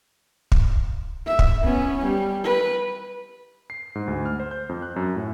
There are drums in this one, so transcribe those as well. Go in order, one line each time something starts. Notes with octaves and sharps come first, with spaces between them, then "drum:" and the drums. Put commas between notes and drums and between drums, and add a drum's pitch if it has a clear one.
drum: kick
E5
drum: kick
B3 C#4
G3
B4
C7
G#2
D2
F6
C5
G6
F2
F#6
F#2
A2